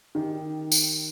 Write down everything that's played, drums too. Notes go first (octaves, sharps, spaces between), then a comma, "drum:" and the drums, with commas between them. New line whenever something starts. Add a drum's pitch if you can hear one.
D#3 G4
drum: tambourine